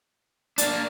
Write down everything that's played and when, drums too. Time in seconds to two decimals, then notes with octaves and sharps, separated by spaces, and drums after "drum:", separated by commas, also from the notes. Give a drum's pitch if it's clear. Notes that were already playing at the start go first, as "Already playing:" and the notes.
0.58 A#3 D4 D5, drum: hi-hat